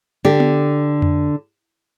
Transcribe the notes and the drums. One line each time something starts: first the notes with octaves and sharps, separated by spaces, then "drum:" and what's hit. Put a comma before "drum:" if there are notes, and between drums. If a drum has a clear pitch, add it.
D3 G4
drum: tom B3
drum: tom F2